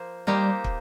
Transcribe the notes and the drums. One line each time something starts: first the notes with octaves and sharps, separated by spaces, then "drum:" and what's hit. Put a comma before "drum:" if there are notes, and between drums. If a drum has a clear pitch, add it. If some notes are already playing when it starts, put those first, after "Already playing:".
Already playing: F3 A#3 C5
G3 A#3 D#4 G4 C5
drum: kick